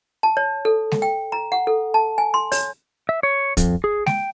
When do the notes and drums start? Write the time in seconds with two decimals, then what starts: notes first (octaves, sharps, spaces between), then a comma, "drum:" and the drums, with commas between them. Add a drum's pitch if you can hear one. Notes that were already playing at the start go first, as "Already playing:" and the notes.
0.23 A5
0.37 C#5
0.65 A4
0.92 drum: snare G#3
1.02 G5
1.32 A#5
1.52 F#5
1.67 A4
1.94 A5
2.18 G#5
2.34 C6
2.52 C#5, drum: open hi-hat
3.09 E5
3.23 C#5
3.57 F2, drum: kick, hi-hat
3.84 G#4
4.06 G5, drum: snare G#3